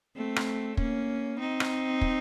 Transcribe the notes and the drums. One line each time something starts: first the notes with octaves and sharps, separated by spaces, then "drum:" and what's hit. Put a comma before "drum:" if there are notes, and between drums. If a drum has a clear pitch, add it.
A3 C4
drum: rim click
A#3 C#4, drum: kick
C4 D#4
drum: rim click
drum: kick